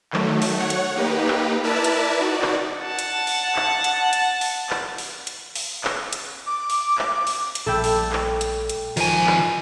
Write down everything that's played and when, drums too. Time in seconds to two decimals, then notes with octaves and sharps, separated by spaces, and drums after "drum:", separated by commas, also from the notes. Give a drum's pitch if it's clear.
0.13 D#3 F#3 A3, drum: clap
0.42 drum: open hi-hat
0.60 C#5 F#5
0.70 drum: hi-hat
0.95 A#3 D#4 G4 B4
1.27 drum: clap
1.63 E4 A#4 B4 D5 E5 A5
1.84 drum: hi-hat
2.18 D#4 F#4 D5
2.41 drum: clap
2.78 F#5 A5
2.99 drum: hi-hat
3.27 drum: open hi-hat
3.56 drum: clap
3.84 drum: hi-hat
4.13 drum: hi-hat
4.41 drum: open hi-hat
4.70 drum: clap
4.98 drum: open hi-hat
5.27 drum: hi-hat
5.55 drum: open hi-hat
5.84 drum: clap
6.13 drum: hi-hat
6.46 D6
6.70 drum: open hi-hat
6.98 drum: clap
7.27 drum: open hi-hat
7.55 drum: hi-hat
7.66 A#1 G3 A3 A4 G5
7.84 drum: open hi-hat
8.12 drum: clap
8.41 drum: hi-hat
8.69 drum: hi-hat
8.97 D#3 F3 G#5, drum: open hi-hat
9.27 drum: clap